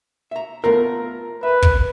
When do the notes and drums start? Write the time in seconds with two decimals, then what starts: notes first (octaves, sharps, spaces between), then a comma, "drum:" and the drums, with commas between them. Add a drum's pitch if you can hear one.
0.31 E5 A#5
0.64 A3 B3 F4 A#4
1.43 B4 E5
1.62 drum: kick